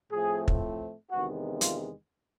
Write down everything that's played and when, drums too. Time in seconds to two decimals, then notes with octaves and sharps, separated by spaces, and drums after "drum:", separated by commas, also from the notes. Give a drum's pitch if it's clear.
0.12 A2 F3 A3 C4 G#4
0.48 drum: kick
1.11 E2 C3 D#3 G#3 B3 F#4
1.61 F4, drum: hi-hat